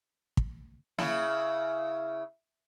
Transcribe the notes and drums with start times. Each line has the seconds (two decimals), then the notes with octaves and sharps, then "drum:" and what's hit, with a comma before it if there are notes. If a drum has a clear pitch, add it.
0.37 drum: kick
0.98 C#3 E4, drum: snare